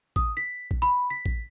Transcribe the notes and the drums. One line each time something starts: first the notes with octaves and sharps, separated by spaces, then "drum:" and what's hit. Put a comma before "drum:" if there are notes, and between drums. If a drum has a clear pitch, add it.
D#6, drum: kick
B6
drum: kick
B5
B6
drum: kick